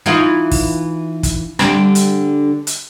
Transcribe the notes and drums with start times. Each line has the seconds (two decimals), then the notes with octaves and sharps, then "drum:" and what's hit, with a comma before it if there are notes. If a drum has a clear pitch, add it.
0.06 E3 D#4 F4
0.52 drum: kick, open hi-hat
1.23 drum: kick, hi-hat
1.59 D3 G3 C4, drum: rim click
1.95 drum: hi-hat
2.67 drum: hi-hat